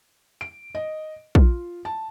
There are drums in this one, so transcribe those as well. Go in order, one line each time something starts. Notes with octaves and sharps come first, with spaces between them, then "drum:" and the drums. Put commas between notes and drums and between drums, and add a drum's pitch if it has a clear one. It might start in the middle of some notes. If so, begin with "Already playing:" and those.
D7
D#5
F4, drum: kick A#1
A5